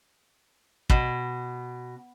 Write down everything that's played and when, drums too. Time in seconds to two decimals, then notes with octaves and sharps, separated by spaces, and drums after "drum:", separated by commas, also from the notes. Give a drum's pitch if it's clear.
0.90 B2, drum: kick